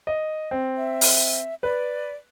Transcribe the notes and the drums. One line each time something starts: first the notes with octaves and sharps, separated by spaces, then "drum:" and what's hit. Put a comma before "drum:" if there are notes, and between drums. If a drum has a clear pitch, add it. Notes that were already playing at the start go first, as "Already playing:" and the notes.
D#5
C4
E5
drum: open hi-hat
B4 D5